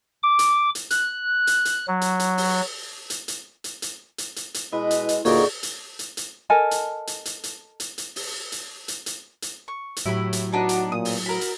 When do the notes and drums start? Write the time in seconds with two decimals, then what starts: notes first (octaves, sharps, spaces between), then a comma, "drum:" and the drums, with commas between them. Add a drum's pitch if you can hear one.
0.23 D6
0.39 drum: hi-hat
0.75 drum: hi-hat
0.90 F#6, drum: hi-hat
1.47 drum: hi-hat
1.65 drum: hi-hat
1.88 F#3
2.01 drum: hi-hat
2.20 drum: hi-hat
2.38 drum: open hi-hat
3.10 drum: hi-hat
3.28 drum: hi-hat
3.64 drum: hi-hat
3.82 drum: hi-hat
4.18 drum: hi-hat
4.36 drum: hi-hat
4.54 drum: hi-hat
4.73 B2 G#3 E4 B4 D#5
4.91 drum: hi-hat
5.09 drum: hi-hat
5.25 D2 A#2 D#4 F#4 G#4 A4 D5, drum: open hi-hat
5.63 drum: hi-hat
5.99 drum: hi-hat
6.17 drum: hi-hat
6.50 A4 A#4 D#5 G#5
6.71 drum: hi-hat
7.07 drum: hi-hat
7.25 drum: hi-hat
7.44 drum: hi-hat
7.80 drum: hi-hat
7.98 drum: hi-hat
8.16 drum: open hi-hat
8.52 drum: hi-hat
8.88 drum: hi-hat
9.06 drum: hi-hat
9.42 drum: hi-hat
9.68 C#6
9.97 drum: hi-hat
10.06 A2 F#3 E4 G4 B5
10.33 drum: hi-hat
10.53 B3 D4 D#4 F#4
10.69 drum: hi-hat
10.92 A#2 D#6
11.05 drum: open hi-hat
11.26 F#4 A#4 B5
11.41 drum: hi-hat